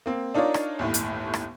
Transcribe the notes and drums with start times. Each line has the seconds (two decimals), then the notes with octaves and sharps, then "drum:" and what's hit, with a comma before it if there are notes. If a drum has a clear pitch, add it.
0.06 A#3 C4
0.35 D4 D#4 F4 A#4 C#5 D5
0.54 drum: rim click
0.79 G1 D#2 A2
0.94 drum: hi-hat
1.34 drum: rim click